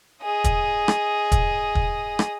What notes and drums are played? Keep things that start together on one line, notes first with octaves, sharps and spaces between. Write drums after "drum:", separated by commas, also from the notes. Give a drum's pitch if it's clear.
G#4 D#5
drum: kick, hi-hat
drum: rim click
drum: kick, hi-hat
drum: kick
drum: rim click